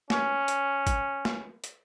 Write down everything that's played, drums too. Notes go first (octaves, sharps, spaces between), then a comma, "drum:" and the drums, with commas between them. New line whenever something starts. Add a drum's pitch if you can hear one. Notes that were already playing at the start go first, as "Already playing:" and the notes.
C#4, drum: snare
drum: hi-hat
drum: kick, hi-hat
drum: snare
drum: hi-hat